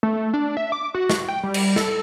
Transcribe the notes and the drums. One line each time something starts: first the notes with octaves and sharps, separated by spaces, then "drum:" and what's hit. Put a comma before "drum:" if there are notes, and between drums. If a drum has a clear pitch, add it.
A3
D4
E5
D6
F#4
drum: snare
G5
G3
drum: cymbal
A4, drum: snare